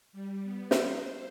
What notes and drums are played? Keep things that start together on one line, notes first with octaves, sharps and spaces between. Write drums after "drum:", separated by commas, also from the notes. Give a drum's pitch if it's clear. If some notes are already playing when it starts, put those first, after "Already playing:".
G3
B3
drum: snare
C5